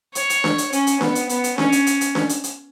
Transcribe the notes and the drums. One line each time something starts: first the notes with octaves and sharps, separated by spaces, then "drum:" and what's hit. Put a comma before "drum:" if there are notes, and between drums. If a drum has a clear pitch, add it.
C#5, drum: hi-hat
drum: hi-hat
drum: snare D4
drum: hi-hat
C#4, drum: hi-hat
drum: hi-hat
B3, drum: snare D4
drum: hi-hat
B3, drum: hi-hat
drum: hi-hat
C#4, drum: snare D4
drum: hi-hat
drum: hi-hat
drum: hi-hat
drum: snare D4
drum: hi-hat
drum: hi-hat